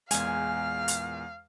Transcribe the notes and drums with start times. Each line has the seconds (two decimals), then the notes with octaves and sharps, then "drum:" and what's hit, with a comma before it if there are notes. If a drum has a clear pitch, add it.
0.11 E2 A#2 G#3 F5 G#5, drum: hi-hat
0.88 drum: hi-hat